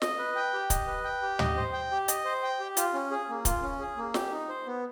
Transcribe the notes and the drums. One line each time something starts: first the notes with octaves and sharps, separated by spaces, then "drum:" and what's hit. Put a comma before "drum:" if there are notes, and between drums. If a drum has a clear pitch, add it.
D#5, drum: snare
B4
G5
G4
D#5, drum: kick, hi-hat
B4
G5
G4
D#5, drum: tom
C5
G5
G4
D#5, drum: hi-hat
C5
G5
G4
F4, drum: hi-hat
C#4
G#4
A#3
F4, drum: kick, hi-hat
C#4
G#4
A#3
G4, drum: snare
D#4
C5
B3